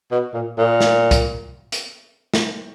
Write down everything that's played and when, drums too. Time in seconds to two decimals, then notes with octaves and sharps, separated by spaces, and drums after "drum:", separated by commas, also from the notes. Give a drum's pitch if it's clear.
0.12 B2
0.34 A#2
0.58 A#2
0.80 drum: snare
1.11 drum: kick, hi-hat
1.72 drum: hi-hat
2.34 drum: snare